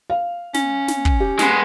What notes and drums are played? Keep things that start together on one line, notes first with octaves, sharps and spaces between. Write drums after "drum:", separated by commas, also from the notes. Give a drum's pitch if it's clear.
F5
C#4, drum: snare
drum: snare
drum: kick
G4
G#3 B3, drum: snare